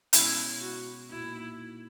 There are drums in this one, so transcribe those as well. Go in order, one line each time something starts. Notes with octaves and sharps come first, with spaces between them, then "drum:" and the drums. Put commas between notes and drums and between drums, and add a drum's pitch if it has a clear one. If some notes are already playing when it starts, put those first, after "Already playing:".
B2 G#3 C#4 E4, drum: hi-hat
F#4
A#2 A#3 D#4 E4 F#4